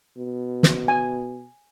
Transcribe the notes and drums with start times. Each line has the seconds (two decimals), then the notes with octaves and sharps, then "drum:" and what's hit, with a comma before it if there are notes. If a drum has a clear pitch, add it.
0.17 B2
0.63 drum: snare
0.88 G#5